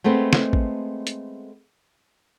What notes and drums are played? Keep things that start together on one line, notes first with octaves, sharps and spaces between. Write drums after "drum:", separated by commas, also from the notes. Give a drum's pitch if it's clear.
G#3 A3 B3 C4
drum: snare
drum: kick
drum: hi-hat